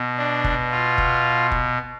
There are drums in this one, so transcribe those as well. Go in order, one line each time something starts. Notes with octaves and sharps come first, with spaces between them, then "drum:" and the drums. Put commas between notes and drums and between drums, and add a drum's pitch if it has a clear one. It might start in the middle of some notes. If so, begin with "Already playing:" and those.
Already playing: B2
D4
drum: kick F1
F4
drum: kick F1
drum: kick F1